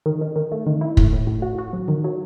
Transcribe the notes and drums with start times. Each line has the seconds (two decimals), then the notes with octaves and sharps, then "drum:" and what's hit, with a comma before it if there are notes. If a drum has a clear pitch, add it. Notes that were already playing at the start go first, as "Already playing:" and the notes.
0.06 D#3
0.21 D#3
0.36 D#3
0.52 A3
0.67 D#3
0.81 E4
0.97 A2, drum: kick
1.13 A2
1.27 A2
1.42 F#4
1.58 F#4
1.73 F#3
1.88 D#3
2.04 F#3